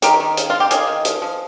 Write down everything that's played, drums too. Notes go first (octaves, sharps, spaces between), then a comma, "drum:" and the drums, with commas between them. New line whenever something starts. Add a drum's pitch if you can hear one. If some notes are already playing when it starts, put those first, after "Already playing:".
D#3 G4 A#4, drum: hi-hat
D#3
C#3, drum: hi-hat
C#3 F4
G4
D#3 F4 G#4, drum: hi-hat
D#3
F3, drum: hi-hat
F3